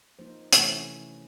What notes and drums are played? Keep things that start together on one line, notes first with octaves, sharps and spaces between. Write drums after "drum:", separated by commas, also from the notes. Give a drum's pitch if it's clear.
F3 A#3 D#4 C5
C3 E3 A3 C#4 E4 C#5, drum: hi-hat